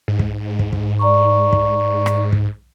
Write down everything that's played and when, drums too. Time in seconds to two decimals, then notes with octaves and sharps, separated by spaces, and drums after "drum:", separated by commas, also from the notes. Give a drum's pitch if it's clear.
0.08 G#2
0.19 drum: kick
0.59 drum: kick
0.73 drum: kick
0.99 D5 A#5 C#6
1.53 drum: kick
2.06 drum: rim click
2.33 drum: kick